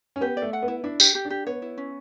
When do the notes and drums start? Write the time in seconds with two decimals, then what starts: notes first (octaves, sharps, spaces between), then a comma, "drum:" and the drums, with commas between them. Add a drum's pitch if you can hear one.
0.16 C#4
0.21 B3 G4
0.37 D5
0.42 A3
0.53 F#5
0.63 B3
0.68 E4
0.84 D4 E4
1.00 G4, drum: tambourine
1.15 G4
1.25 D4
1.30 G4
1.47 B3 C#5
1.62 E4
1.78 C#4